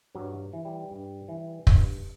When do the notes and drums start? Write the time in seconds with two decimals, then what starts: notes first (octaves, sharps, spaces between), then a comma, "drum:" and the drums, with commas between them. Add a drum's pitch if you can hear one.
0.15 G2 F#3
0.53 E3
0.65 G3
0.91 G2
1.28 E3
1.67 G2, drum: kick